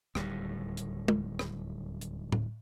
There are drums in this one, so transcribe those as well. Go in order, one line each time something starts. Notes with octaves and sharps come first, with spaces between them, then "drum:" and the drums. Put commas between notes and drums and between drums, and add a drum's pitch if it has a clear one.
D1 D#2 A2 G3, drum: rim click
drum: hi-hat
drum: tom
drum: rim click
drum: hi-hat
drum: tom A2